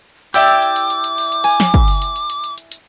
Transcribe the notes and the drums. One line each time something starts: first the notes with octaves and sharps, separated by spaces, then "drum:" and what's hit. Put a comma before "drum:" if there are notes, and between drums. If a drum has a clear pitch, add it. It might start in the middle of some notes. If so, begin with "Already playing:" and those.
E4 G4 D5 G5 D6 E6, drum: hi-hat
drum: hi-hat
drum: hi-hat
drum: hi-hat
drum: hi-hat
drum: hi-hat
drum: open hi-hat
drum: hi-hat
G#5, drum: open hi-hat
drum: snare
drum: kick
drum: open hi-hat
drum: hi-hat
drum: hi-hat
drum: hi-hat
drum: hi-hat
drum: hi-hat
drum: hi-hat